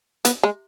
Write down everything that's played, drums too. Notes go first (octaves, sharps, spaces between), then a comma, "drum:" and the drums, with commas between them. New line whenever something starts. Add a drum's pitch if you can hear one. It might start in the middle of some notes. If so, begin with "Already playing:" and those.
B3, drum: hi-hat
G#3